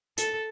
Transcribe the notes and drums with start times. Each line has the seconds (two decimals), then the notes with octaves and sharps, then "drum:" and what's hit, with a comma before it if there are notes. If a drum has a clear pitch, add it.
0.18 A4, drum: hi-hat